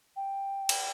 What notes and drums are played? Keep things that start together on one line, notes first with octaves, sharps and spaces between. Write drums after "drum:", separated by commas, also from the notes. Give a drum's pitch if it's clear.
G5
drum: cymbal